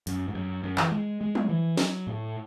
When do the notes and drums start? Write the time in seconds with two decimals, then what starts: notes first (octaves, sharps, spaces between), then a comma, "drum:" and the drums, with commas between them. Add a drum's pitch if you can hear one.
0.07 F#2, drum: hi-hat
0.28 G#2
0.35 F#2
0.64 F#2
0.78 E3, drum: clap
0.92 G#3
1.21 G#3
1.35 drum: tom
1.49 E3
1.77 F#3, drum: snare
2.07 A2